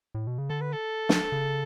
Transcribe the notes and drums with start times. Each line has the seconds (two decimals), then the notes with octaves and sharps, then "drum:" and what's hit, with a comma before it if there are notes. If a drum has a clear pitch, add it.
0.15 A2
0.27 B2
0.38 C#3
0.50 D3 A4
0.61 B4
0.72 A4
1.09 drum: snare
1.32 C#3